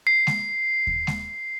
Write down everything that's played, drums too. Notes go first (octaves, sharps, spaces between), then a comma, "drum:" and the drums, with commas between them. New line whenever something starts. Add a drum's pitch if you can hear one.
C7
drum: snare G#3
drum: kick D#2
drum: snare G#3